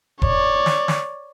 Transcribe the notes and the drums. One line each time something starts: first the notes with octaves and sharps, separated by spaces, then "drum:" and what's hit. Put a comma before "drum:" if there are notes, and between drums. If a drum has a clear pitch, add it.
C#5 D5, drum: kick E1
drum: snare
drum: snare